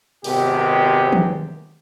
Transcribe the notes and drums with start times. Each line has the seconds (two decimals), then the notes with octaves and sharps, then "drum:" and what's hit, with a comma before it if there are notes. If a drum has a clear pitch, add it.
0.24 G#1 C3 D#3 B3 G4 G#4, drum: open hi-hat
1.12 drum: tom D#3